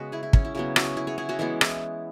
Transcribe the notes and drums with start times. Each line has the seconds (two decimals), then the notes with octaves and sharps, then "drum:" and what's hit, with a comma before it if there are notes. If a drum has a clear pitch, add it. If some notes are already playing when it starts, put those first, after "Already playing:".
Already playing: C#3 G#3 B3 F#4 B4
0.12 E4 G#4
0.23 E4
0.33 C#4, drum: kick
0.45 E4
0.55 C#3 F#3 B3 E4
0.76 C#4 F#4, drum: rim click
0.97 E4 G#4
1.07 G#4 C#5
1.18 E4 G#4
1.29 C#4 F#4
1.39 E3 G#3 B3 E4
1.61 E4, drum: rim click